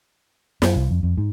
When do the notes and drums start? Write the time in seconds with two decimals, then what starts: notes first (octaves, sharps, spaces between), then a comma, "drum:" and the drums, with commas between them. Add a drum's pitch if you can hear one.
0.62 F#2, drum: snare
0.76 C2
0.91 F2
1.03 F2
1.17 G#2